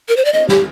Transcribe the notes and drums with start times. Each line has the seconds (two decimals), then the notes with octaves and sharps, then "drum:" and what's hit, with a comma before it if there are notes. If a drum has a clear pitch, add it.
0.09 A#4
0.16 C5
0.25 D5
0.33 D#5, drum: cymbal
0.49 G4, drum: snare